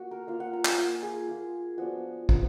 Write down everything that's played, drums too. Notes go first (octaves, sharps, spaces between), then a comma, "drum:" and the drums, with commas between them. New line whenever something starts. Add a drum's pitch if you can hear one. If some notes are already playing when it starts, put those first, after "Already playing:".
Already playing: A#3 F#4
A#4
A#3 F4 F5
F#5
A#5
G#5, drum: clap
A#3 F4
G#4
A#3 F4
F3 B3 D4 F#4
F3 B3, drum: kick